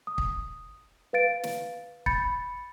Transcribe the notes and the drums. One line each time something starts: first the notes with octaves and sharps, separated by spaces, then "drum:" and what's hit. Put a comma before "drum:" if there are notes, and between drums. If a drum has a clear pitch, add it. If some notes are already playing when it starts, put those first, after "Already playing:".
D#6
drum: kick
B4 F5 A6 D7
drum: snare
B5 G6 A6 C#7, drum: kick